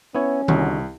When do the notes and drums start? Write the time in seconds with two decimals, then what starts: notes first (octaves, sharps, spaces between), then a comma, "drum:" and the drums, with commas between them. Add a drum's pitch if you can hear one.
0.15 B3 C#4 E4 C#5
0.48 C2 D3 D#4 F#4, drum: tom D#3